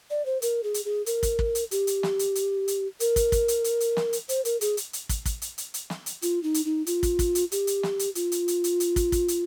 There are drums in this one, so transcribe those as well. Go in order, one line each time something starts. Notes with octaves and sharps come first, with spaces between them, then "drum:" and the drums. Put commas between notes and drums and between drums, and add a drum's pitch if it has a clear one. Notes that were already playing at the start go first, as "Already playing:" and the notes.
D5
C5
A#4, drum: hi-hat
G#4
drum: hi-hat
G#4
A#4, drum: hi-hat
drum: kick, hi-hat
drum: kick
drum: hi-hat
G4, drum: hi-hat
drum: hi-hat
drum: snare
drum: hi-hat
drum: hi-hat
drum: hi-hat
A#4, drum: hi-hat
drum: kick, hi-hat
drum: kick, hi-hat
drum: hi-hat
drum: hi-hat
drum: hi-hat
drum: snare
drum: hi-hat
C5, drum: hi-hat
A#4, drum: hi-hat
G#4, drum: hi-hat
drum: hi-hat
drum: hi-hat
drum: kick, hi-hat
drum: kick, hi-hat
drum: hi-hat
drum: hi-hat
drum: hi-hat
drum: snare
drum: hi-hat
F4, drum: hi-hat
D#4
drum: hi-hat
D#4
F4, drum: hi-hat
drum: kick, hi-hat
drum: kick, hi-hat
drum: hi-hat
G4, drum: hi-hat
drum: hi-hat
drum: snare
drum: hi-hat
F4, drum: hi-hat
drum: hi-hat
drum: hi-hat
drum: hi-hat
drum: hi-hat
drum: kick, hi-hat
drum: kick, hi-hat
drum: hi-hat